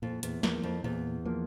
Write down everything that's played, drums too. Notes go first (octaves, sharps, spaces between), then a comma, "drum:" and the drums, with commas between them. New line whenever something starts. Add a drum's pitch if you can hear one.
F2 A#2
E2, drum: hi-hat
E2 F3 A#3, drum: snare
F2
E2 A#2
F3 A#3